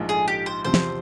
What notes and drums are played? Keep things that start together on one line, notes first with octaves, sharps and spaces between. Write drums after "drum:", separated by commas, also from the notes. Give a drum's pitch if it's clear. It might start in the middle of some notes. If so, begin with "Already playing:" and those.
Already playing: A#1 G#2 F3
G#4
G4
C5
E2 C3 F3 C4 C5
drum: snare